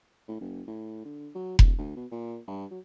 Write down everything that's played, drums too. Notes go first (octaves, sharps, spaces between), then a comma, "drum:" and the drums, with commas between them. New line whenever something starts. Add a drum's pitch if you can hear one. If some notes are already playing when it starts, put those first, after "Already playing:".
A2
F#1
A2
D3
F#3
D1, drum: kick F1
D2
B2
A#2
G2
F#3